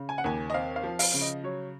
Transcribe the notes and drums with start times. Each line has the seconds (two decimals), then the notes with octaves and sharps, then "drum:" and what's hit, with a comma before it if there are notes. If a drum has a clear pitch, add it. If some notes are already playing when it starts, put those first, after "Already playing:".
Already playing: C#3
0.09 G#5
0.18 F#5
0.24 D#2 G#5
0.50 D#5
0.54 C4 F5
0.76 F5
0.83 F3
0.99 F5, drum: open hi-hat
1.14 C#3
1.21 D#5
1.44 F#3 C#5